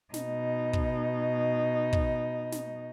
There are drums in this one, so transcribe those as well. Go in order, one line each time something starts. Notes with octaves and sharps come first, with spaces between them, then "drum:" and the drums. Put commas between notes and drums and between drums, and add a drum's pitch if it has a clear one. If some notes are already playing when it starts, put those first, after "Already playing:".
B2 D#4, drum: snare
drum: kick
drum: kick
drum: snare